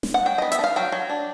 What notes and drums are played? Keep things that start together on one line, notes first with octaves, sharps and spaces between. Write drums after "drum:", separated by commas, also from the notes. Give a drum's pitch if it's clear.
drum: snare
F#5
F#3 G5
B3 D#5
E5, drum: hi-hat
D4
F5
F#3 G5
F#3
D4